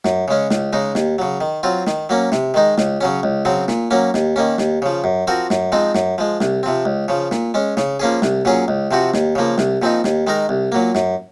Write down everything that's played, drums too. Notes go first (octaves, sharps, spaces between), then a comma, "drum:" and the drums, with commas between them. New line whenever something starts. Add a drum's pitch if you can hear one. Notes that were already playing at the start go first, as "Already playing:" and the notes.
F#2, drum: snare
C#3 G#3 C#4
C#2, drum: snare
C#3 G#3 D#4
D#2, drum: snare
C#3 F#3
D#3
F#3 C4 F4
D#3, drum: snare
F#3 A#3 C#4
C3, drum: snare
D#3 G#3 D#4
C#2, drum: snare
C#3 F#3 C#4
C#2
C#3 F#3 C4
A#2, drum: snare
F#3 A#3 C#4
D#2, drum: snare
D#3 A#3 C#4
D#2, drum: snare
C#3 F3
F#2
F3 C4 F#4 A#4
F#2, drum: snare
F3 G#3 C4 D#4
F#2, drum: snare
F3 G#3
C2, drum: snare
C3 F3 C4
C#2
C#3 F3
A#2, drum: snare
G#3 C#4
C#3, drum: snare
F3 A#3 C#4 G#4
C2, drum: snare
A#2 F#3 C#4 G#4
C#2
C3 F3 C4 F#4
D#2, drum: snare
C#3 F3 A#3
C2, drum: snare
A#2 F3 C4 D#4
D#2, drum: snare
D#3 G#3 D#4 A#4
C2
A#2 F#3 A#3
F#2, drum: snare